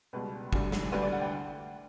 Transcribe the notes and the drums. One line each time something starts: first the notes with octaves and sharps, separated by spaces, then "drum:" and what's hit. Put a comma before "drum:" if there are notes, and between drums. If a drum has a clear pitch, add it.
C#2 B2 G3 B4
D2 D3 G3, drum: kick
drum: snare
D2 D3 G3 B4
D5
F#5
G5